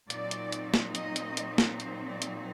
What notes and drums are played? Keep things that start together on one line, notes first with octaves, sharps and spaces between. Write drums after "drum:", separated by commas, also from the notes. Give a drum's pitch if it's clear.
A#2 F#3 C4 D#4 D5, drum: hi-hat
drum: hi-hat
drum: hi-hat
drum: snare
D#5, drum: hi-hat
drum: hi-hat
drum: hi-hat
drum: snare
C5, drum: hi-hat
D5
drum: hi-hat